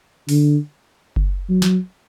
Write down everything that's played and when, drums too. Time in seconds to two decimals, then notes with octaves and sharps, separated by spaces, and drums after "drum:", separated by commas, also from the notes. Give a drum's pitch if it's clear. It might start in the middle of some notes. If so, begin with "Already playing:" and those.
0.29 D3, drum: open hi-hat
1.16 drum: kick F#1
1.49 F#3
1.62 drum: snare